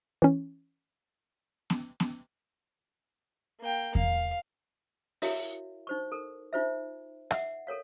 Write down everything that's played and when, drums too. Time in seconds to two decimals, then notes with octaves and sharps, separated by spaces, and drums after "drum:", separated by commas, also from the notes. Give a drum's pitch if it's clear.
0.22 E3 C#4
1.70 drum: snare B3
2.00 drum: snare B3
3.61 A#3 G5
3.95 F5, drum: kick E2
5.22 E4 F#4 A#4 C#5 E5 F5, drum: open hi-hat
5.87 D#4 C5 C#6
6.12 A4 A#4
6.53 D#4 F4 C5 E5
7.31 E5 F#5, drum: rim click
7.67 A4 A#4 C#5 F5